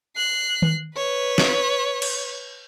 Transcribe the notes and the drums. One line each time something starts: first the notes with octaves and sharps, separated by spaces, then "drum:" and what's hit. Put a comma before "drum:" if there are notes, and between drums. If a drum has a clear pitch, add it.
F#6 C7
drum: tom D#3
B4 C#5
drum: snare
drum: cymbal